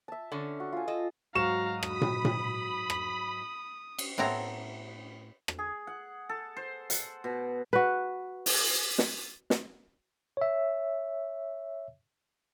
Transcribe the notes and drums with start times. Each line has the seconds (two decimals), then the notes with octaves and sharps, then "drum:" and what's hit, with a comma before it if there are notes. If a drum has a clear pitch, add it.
0.08 E5 A5
0.32 D3 C#4
0.60 F#4
0.73 F4 G#5
0.88 A4 D#5
1.35 G#2 F#3 F#4 F5 A#5 C#6 E7
1.83 B5 D#6, drum: rim click
2.01 drum: tom A#2
2.25 drum: tom A#2
2.90 drum: rim click
3.99 drum: cymbal
4.18 A2 B3 C4 E4 A#5
5.48 drum: rim click
5.59 G#4
5.87 F#5
6.29 A4
6.56 C5
6.90 F#5, drum: hi-hat
7.24 B2
7.73 F#4 B4
8.46 drum: open hi-hat
8.98 drum: snare
9.50 drum: snare
10.37 C#5 E5